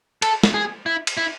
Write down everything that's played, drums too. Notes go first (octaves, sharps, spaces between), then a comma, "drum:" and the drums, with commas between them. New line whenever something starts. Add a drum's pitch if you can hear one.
A4, drum: cymbal
drum: snare
G#4
E4
drum: cymbal
E4